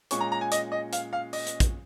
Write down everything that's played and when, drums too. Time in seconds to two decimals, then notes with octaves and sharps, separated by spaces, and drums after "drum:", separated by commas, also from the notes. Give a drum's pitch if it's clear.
0.11 A#2 G#3 C#4 C#6, drum: hi-hat
0.21 A#5
0.32 A#5
0.41 G#5
0.52 D#5, drum: hi-hat
0.72 D#5
0.93 F5, drum: hi-hat
1.13 F5
1.33 D#5, drum: open hi-hat
1.47 drum: hi-hat
1.60 drum: kick, hi-hat